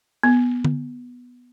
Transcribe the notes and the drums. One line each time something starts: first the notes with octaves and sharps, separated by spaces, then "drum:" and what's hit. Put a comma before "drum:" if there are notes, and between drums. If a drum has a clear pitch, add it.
B3
drum: tom D3